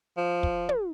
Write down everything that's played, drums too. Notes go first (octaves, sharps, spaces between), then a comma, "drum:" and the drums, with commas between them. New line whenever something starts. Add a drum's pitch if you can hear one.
F3
drum: kick
drum: tom